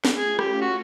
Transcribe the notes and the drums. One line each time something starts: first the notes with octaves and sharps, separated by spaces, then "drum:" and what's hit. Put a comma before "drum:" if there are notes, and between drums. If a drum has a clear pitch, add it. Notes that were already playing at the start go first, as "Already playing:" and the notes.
drum: snare
A3 C#4 F4 G#4
G4, drum: rim click
F#4